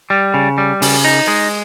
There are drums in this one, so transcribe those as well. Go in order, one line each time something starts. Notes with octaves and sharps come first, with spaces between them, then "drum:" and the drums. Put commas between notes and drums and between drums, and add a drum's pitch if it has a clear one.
G3
C#3
G3
C#3, drum: open hi-hat
D#4
G#3